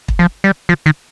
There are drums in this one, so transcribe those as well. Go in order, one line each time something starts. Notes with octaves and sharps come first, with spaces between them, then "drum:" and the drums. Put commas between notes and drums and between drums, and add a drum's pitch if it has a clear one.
drum: kick
F3
G3
F3
D#3